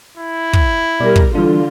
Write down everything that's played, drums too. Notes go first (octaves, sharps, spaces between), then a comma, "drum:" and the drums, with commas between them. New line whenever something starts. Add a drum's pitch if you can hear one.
E4
drum: kick
B2 G3 A#4 D5
drum: kick
D3 E3 G3 D4 F4